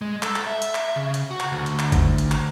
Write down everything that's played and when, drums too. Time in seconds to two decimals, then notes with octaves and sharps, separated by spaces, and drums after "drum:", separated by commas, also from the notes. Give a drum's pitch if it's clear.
0.01 G#3
0.23 A4, drum: clap
0.36 drum: clap
0.47 E5
0.62 drum: hi-hat
0.75 drum: clap
0.96 C#3
1.14 drum: hi-hat
1.31 F#4
1.40 drum: clap
1.52 D2
1.66 drum: hi-hat
1.79 drum: clap
1.92 drum: kick, hi-hat
2.18 drum: hi-hat
2.31 drum: clap